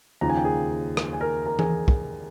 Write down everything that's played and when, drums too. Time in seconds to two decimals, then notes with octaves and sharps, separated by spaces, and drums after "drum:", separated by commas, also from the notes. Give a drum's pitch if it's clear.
0.21 D#2 C#3 F3 A#5
0.29 G#5
0.37 G5
0.45 G#4 G#5
0.97 drum: rim click
1.13 G#5
1.21 A#4 A#5
1.46 A#4 A#5
1.59 G#4 G#5, drum: tom E3
1.88 drum: kick